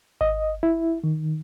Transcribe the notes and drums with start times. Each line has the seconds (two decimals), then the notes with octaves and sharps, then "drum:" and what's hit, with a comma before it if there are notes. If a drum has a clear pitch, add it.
0.21 D#5, drum: kick G#1
0.63 E4
1.04 D#3